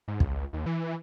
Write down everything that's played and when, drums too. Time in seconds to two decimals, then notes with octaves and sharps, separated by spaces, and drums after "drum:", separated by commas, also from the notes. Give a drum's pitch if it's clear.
0.08 G#2
0.20 C#2, drum: kick
0.53 D#2
0.66 E3